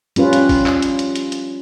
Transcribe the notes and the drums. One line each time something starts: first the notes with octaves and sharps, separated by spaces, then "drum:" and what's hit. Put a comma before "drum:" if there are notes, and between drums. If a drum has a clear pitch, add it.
G3 C#4 F4 B4, drum: hi-hat
drum: hi-hat
drum: kick, open hi-hat
drum: clap
drum: hi-hat
drum: hi-hat
drum: hi-hat
drum: hi-hat